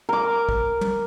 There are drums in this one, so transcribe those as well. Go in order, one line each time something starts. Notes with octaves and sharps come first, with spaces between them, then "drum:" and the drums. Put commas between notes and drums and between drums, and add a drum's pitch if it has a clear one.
A#4 D6
drum: kick
drum: tom